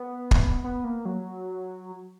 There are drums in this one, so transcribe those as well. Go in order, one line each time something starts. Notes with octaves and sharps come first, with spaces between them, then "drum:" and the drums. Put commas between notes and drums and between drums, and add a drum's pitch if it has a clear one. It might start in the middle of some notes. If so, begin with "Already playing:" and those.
Already playing: B3
drum: kick
B3
A#3
F#3